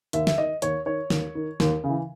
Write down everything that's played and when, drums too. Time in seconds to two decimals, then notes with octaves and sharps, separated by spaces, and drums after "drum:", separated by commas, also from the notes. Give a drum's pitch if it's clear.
0.13 D#2 E5, drum: hi-hat
0.27 E5, drum: snare
0.38 D#3 D#5
0.62 D#2 C#5, drum: hi-hat
0.86 D#3 C#5
1.10 D#2, drum: snare
1.35 D#3
1.60 D#2, drum: snare
1.84 C#3
1.89 E3